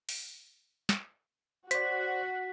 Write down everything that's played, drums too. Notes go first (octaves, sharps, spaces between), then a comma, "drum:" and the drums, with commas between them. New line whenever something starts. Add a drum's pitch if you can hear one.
drum: open hi-hat
drum: snare
F#4 C5 D5 B6, drum: hi-hat